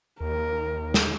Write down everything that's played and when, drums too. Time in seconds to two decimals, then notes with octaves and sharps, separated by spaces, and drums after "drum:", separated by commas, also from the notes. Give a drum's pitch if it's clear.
0.21 D#2 A#4
0.94 drum: snare